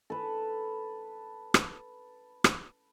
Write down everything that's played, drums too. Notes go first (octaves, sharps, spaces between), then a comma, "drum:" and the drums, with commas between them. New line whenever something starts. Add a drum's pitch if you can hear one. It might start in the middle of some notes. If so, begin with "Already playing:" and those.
A4 B4
drum: rim click
drum: rim click